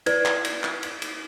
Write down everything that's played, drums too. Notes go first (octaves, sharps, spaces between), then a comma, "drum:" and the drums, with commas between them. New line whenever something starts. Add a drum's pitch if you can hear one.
E4 B4 D5 G#6, drum: cymbal
drum: clap
drum: cymbal
drum: clap
drum: cymbal
drum: cymbal